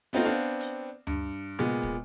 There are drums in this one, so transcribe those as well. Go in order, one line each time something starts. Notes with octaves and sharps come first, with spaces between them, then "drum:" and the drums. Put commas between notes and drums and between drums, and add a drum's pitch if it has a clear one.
A3 B3 C4 D#4 F4, drum: hi-hat
B3 C4 D4 F5
drum: hi-hat
G2, drum: tom D2
A#2 G#3 B3, drum: tom C3
drum: kick